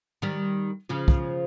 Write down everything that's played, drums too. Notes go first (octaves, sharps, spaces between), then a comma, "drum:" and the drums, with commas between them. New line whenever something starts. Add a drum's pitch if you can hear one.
D#3 G3
C#3 F3
drum: kick